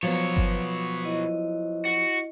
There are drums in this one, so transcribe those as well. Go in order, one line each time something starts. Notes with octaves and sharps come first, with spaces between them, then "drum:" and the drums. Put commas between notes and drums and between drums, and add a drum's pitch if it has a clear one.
B2 F3 F#3 B3 C#5
drum: kick G1
E4 D#5
F#4